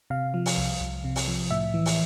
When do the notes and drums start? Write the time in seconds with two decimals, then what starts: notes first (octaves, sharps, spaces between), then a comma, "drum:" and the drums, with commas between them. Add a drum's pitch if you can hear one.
0.10 C3 F5
0.34 F3
0.46 drum: open hi-hat
0.57 C2
0.81 C2
1.04 C3
1.16 drum: open hi-hat
1.27 F3
1.51 A2 E5
1.74 E3
1.86 drum: open hi-hat